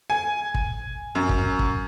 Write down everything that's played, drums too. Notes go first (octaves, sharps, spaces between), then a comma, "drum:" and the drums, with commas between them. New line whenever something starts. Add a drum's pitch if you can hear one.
G#5
drum: kick
F#2
drum: kick
drum: kick